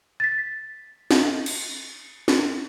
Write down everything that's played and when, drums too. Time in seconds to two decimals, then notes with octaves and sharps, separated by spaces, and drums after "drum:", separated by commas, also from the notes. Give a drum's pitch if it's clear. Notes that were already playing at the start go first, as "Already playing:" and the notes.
0.20 A6 B6
1.11 drum: snare
1.46 drum: cymbal
2.28 drum: snare